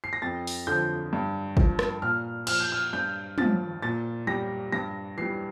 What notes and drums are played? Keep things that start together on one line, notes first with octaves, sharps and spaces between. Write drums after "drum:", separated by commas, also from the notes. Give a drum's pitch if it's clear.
C7
A#6
F2 A6
drum: open hi-hat
D3 F3 G6
G2
F3, drum: kick
drum: rim click
A#2 F6
F3 F6, drum: cymbal
G6
F6
G2 G6
F3 A6, drum: tom
A#2 A6
G3 A#6
G2 A#6
E3 G3 C7